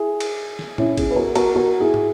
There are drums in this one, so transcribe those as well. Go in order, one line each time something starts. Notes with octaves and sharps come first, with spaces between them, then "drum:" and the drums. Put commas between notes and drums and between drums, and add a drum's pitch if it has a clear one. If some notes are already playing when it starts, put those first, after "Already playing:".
Already playing: E4 G#4
drum: cymbal
drum: snare
C#4 E4, drum: tom
E4 G#4, drum: kick, cymbal
B4
F#4 A#4
F#4 A#4, drum: cymbal
F#4 A#4
E4 G#4
drum: tom